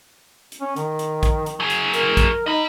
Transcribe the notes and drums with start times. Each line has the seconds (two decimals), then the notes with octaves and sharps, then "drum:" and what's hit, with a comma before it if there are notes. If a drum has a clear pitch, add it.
0.52 drum: hi-hat
0.61 C#4
0.76 D#3, drum: hi-hat
0.99 drum: hi-hat
1.23 drum: kick, hi-hat
1.46 drum: hi-hat
1.60 F#3 G#4
1.70 drum: hi-hat
1.94 A#4, drum: hi-hat
2.17 drum: kick, hi-hat
2.46 D#4 D#5 B5